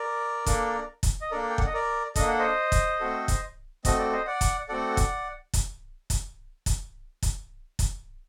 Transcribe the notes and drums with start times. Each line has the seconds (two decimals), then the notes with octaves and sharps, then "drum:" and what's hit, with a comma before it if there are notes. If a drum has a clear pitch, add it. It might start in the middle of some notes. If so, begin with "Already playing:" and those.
Already playing: A#4 D5
0.46 A#3 D4 A4, drum: kick, hi-hat
1.03 drum: kick, hi-hat
1.21 D#5
1.31 A#3 D4 A4 A#4 D5
1.50 G5
1.58 F#5, drum: kick
1.66 D#5
1.74 A#4 D5
2.16 A#3 D4 A4 D#5, drum: kick, hi-hat
2.27 F#5
2.39 C5 D#5
2.72 drum: kick, hi-hat
3.00 A3 C4 F#4 A4
3.28 drum: kick, hi-hat
3.85 A3 C4 F#4 A4 D#5, drum: kick, hi-hat
3.98 D5
4.12 C5 D#5
4.27 D5 F#5
4.41 drum: kick, hi-hat
4.69 A3 C4 F#4 A4 D5 F#5
4.97 drum: kick, hi-hat
5.53 drum: kick, hi-hat
6.10 drum: kick, hi-hat
6.66 drum: kick, hi-hat
7.23 drum: kick, hi-hat
7.79 drum: kick, hi-hat